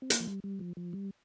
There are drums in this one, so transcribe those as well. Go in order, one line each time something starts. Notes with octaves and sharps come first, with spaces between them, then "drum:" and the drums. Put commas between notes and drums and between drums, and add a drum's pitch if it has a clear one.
C4
A#3, drum: hi-hat
F3
G3
G3
F3
F3
G3